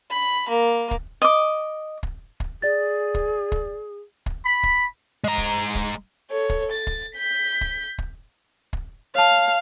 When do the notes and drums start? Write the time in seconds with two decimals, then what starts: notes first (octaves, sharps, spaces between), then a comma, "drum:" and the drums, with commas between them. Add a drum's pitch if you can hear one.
0.10 B5
0.49 A#3
0.91 drum: kick
1.22 D#5 D6
2.03 drum: kick
2.40 drum: kick
2.62 G#4 D5 A6
3.14 drum: kick
3.52 drum: kick
4.26 drum: kick
4.46 B5
4.63 drum: kick
5.24 G#3 A#5
5.38 drum: kick
5.75 drum: kick
6.31 A4 C#5
6.49 drum: kick
6.72 A6
6.87 drum: kick
7.16 G6 B6
7.61 drum: kick
7.98 drum: kick
8.73 drum: kick
9.15 C#5 F5 A5